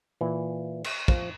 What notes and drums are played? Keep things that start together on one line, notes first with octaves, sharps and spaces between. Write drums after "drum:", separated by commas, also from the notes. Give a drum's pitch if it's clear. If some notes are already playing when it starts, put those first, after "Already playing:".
A#2 E3
drum: cymbal
F3, drum: kick